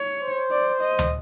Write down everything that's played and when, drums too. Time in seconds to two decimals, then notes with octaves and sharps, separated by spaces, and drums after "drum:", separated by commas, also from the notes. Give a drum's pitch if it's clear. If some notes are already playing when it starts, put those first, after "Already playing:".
Already playing: C#5
0.22 C5
0.51 D5
0.81 D#5
0.99 drum: tom D2